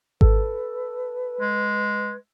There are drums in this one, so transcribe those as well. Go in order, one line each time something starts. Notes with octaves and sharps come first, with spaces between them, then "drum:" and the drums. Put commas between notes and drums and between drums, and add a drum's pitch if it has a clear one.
A4 B4, drum: kick G#1
G#3